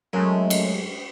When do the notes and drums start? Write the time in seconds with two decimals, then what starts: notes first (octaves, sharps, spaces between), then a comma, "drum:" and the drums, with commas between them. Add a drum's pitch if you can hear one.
0.13 F#2 F#3 G#3 A3
0.50 drum: cymbal